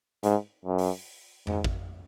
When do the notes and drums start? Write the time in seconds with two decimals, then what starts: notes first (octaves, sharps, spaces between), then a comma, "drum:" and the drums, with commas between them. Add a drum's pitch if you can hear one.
0.23 G#2, drum: hi-hat
0.65 F#2
0.78 drum: open hi-hat
1.47 G#2, drum: tom F2
1.64 drum: kick G#1